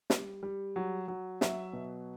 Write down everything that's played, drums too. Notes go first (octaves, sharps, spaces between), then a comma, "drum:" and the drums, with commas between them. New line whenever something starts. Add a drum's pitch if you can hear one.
G3, drum: snare
G3
F#3
F#3
F#3 E5, drum: snare
B2